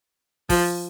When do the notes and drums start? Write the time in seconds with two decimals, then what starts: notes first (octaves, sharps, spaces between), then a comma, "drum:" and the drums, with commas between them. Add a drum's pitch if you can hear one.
0.49 F3, drum: kick, open hi-hat